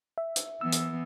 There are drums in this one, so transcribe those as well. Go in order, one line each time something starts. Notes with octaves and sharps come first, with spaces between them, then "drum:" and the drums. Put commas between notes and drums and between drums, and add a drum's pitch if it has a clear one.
E5
drum: hi-hat
E3 B3 E6
drum: hi-hat